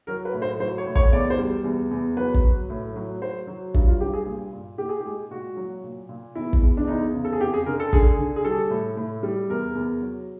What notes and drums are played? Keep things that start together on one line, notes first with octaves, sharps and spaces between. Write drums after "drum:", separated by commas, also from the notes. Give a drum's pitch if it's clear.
F#3 A#4
B4
A2
C5
F#3 C5
C#5
A2
C#5, drum: kick
E2 D5
C5
G3
E2
E2
F#3 B4
drum: kick
F#3
A2
F#3
F#3 C5
F#3
G2, drum: kick
F4
G2 G4
G#4
A#2
A#2
A#2 G4
G#4
G4
G#3
A#2 F#4
F#3
A#2
A#2
E2 E4
drum: kick
E2
D4
E2 D#4
C#3
A4
G#4
F2 G4
G#4
D3 A#4
A4
D3 G#4, drum: kick
D3
G#4
G3 A4
A2
A2
G3
E2 A#4
E2
F#3